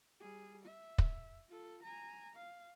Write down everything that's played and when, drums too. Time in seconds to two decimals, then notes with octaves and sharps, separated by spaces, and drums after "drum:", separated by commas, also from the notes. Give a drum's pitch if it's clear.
0.20 G3 G#4
0.66 E5
0.98 drum: kick
1.49 F4 A4
1.83 G#5 A#5
2.36 F5